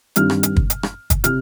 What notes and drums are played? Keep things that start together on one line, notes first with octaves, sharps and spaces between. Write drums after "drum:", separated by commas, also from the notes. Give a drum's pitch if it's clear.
G2 D#3 C4 F6, drum: hi-hat
drum: rim click
drum: hi-hat
drum: kick
drum: hi-hat
drum: rim click
drum: kick, hi-hat
C3 F6, drum: hi-hat